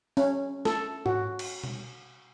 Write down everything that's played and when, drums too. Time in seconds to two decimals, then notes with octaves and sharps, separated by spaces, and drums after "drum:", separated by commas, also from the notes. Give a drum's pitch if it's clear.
0.17 C#4, drum: open hi-hat
0.65 A4, drum: snare
1.06 F#4, drum: tom
1.39 drum: cymbal
1.64 drum: tom B2